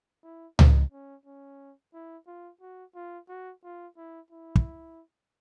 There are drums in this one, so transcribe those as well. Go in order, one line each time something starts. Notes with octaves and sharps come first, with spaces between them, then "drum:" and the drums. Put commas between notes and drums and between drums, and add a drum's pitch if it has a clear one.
E4
D#4, drum: tom C#2
C#4
C#4
E4
F4
F#4
F4
F#4
F4
E4
E4
drum: kick